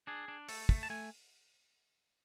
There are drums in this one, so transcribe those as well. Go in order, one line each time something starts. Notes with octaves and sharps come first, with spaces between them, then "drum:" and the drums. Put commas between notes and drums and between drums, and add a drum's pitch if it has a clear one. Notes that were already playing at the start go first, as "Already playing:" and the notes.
D4 G#4
D4
A3 A4, drum: open hi-hat
A3, drum: kick
A5
A3 G#5